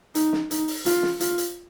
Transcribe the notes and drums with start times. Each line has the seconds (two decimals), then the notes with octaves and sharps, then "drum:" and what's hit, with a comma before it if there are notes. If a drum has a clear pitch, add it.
0.15 D#4, drum: hi-hat
0.33 drum: snare
0.51 D#4, drum: hi-hat
0.68 drum: open hi-hat
0.86 F4, drum: hi-hat
1.03 drum: snare
1.20 F4, drum: hi-hat
1.38 drum: hi-hat